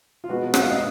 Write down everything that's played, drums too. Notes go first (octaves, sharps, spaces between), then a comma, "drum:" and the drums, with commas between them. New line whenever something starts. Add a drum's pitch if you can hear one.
F4
B2 G#3 B3 F#4
F#5, drum: rim click
F5
D#5